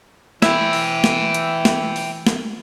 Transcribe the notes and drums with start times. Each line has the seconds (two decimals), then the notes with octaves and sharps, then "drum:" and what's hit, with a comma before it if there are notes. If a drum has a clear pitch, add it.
0.42 E3 E4 E5 G5, drum: snare
0.73 drum: open hi-hat
1.04 drum: snare
1.34 drum: hi-hat
1.65 drum: snare
1.96 drum: open hi-hat
2.27 drum: snare